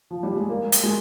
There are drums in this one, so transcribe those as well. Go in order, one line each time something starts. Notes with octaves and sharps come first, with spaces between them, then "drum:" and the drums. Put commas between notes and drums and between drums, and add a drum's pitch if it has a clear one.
F3
G3
G#3
A#3
drum: hi-hat
G#3